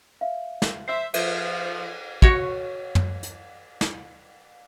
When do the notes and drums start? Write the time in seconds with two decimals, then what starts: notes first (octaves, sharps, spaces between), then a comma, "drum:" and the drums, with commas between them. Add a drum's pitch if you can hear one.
0.21 E5 F5
0.62 drum: snare
0.88 C5 E5 E6 C7
1.14 F3 E5, drum: cymbal
2.22 F#4 C#5, drum: kick
2.95 drum: tom
3.23 drum: hi-hat
3.81 drum: snare